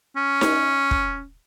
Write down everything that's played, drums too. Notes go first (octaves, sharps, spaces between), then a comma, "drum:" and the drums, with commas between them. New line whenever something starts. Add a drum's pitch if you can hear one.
C#4
drum: snare D#4
drum: kick